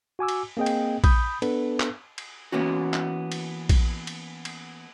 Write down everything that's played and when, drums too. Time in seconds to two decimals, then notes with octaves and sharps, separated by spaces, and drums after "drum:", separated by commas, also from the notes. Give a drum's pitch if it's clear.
0.19 F#4 G#5 D6 E6
0.28 drum: cymbal
0.57 A#3 C4 G#4 D#5 G5
0.66 drum: cymbal
1.04 B5 D#6 G6, drum: kick A#1, cymbal
1.42 B3 D4 A4 B4, drum: cymbal
1.80 drum: clap
2.18 drum: cymbal
2.52 E3 A#3 B3 C#4 F#4
2.94 drum: clap
3.32 drum: cymbal
3.69 drum: kick A#1, cymbal
4.07 drum: cymbal
4.45 drum: cymbal